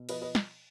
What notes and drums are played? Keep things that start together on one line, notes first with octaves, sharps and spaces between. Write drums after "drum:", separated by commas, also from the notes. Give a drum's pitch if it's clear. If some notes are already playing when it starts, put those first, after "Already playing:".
Already playing: B2
F3 B4 D#5, drum: cymbal
B4 D#5
drum: snare